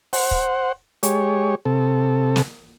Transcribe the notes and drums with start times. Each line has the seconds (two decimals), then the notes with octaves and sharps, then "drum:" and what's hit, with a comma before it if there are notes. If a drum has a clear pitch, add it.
0.13 C5 F#5, drum: open hi-hat
0.31 drum: kick
1.03 G#3 G4 C#5, drum: hi-hat
1.65 C3 A4
2.36 drum: snare